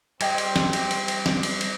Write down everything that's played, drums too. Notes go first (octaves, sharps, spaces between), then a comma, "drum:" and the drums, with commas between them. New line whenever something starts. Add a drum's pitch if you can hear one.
G3 C4 D#5 G5 G#6, drum: cymbal
drum: cymbal
drum: snare
drum: cymbal
drum: cymbal
drum: cymbal
drum: snare
drum: cymbal
drum: cymbal